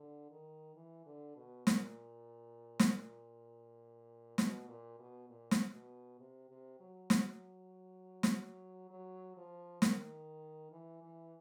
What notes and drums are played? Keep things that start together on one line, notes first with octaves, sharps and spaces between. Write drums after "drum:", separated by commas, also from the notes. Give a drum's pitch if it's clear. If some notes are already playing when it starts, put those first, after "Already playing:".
Already playing: D3
D#3
E3
D3
B2
A#2, drum: snare
drum: snare
B2, drum: snare
A#2
B2
A#2
drum: snare
B2
C3
C3
F#3
drum: snare
drum: snare
F#3
F3
D#3, drum: snare
E3
E3